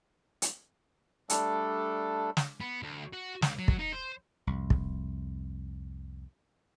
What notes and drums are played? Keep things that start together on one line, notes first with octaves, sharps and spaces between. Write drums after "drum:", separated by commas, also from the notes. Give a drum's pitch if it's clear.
drum: hi-hat
G3 A3 D4 A4, drum: hi-hat
drum: snare
B3
D2
F#4
C#2, drum: snare
F#3
drum: kick
D#4
C5
C2 F2
drum: kick